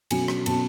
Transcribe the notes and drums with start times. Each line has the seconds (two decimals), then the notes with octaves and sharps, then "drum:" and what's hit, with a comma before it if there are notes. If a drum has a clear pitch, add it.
0.11 B2 F#3 C#4 G#5, drum: cymbal
0.28 drum: rim click
0.46 B2 F#3 C#4 A5, drum: cymbal